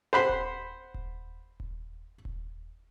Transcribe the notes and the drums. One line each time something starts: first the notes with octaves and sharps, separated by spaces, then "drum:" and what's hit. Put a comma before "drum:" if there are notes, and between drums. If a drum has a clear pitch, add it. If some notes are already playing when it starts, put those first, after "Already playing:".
C5 F#5 B5 C6
drum: kick D#1
drum: kick D#1
drum: kick D#1
drum: kick D#1